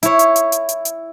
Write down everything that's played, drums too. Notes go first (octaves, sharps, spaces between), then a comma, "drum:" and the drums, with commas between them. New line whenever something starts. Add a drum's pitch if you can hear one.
E4 C#5, drum: hi-hat
drum: hi-hat
drum: hi-hat
drum: hi-hat
drum: hi-hat
drum: hi-hat